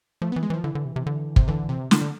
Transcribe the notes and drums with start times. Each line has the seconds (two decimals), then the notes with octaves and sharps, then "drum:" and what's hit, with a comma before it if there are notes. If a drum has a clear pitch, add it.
0.22 F3 A3
0.32 E3 B3
0.43 G#3
0.50 E3 F3
0.64 D3 E3
0.75 D3
0.85 C3
0.96 C3
1.06 D3
1.36 C3, drum: kick
1.48 D3 E3
1.69 C3
1.91 D3, drum: snare
2.01 D3